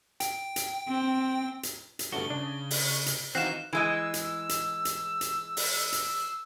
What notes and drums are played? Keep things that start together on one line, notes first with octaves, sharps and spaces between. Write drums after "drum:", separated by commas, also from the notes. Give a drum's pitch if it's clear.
G5, drum: hi-hat
drum: hi-hat
C4
drum: hi-hat
drum: hi-hat
G1 A3 D4 F#4 G7
C#3 D4
drum: open hi-hat
drum: hi-hat
E3 C4 D#4 F#4 F5 C7 E7
E3 G#3 D#5 E6
drum: hi-hat
drum: hi-hat
drum: hi-hat
drum: hi-hat
drum: open hi-hat
drum: hi-hat